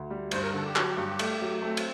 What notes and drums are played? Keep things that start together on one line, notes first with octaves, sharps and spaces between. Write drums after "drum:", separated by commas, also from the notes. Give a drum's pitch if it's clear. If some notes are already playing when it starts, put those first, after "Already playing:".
Already playing: D2
G3
G2 C5, drum: cymbal
A#4
D3 A4
G4
F#3, drum: clap
G2
A3, drum: cymbal
F#3
A3 C4
drum: cymbal